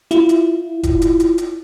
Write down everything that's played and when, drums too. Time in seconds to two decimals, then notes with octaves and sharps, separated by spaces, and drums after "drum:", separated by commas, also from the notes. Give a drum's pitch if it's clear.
0.11 E4 F4, drum: hi-hat
0.29 drum: hi-hat
0.83 drum: kick F1, hi-hat
1.02 drum: hi-hat
1.20 drum: hi-hat
1.38 drum: hi-hat